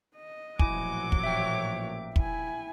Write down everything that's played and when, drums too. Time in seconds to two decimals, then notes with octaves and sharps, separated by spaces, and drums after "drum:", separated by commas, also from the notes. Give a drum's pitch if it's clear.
0.16 D#5
0.59 A1 A#2 F3 F#3 E4 G#5 D6, drum: kick
1.12 drum: kick
1.24 C#5 E5 G5
2.16 E4 G#5, drum: kick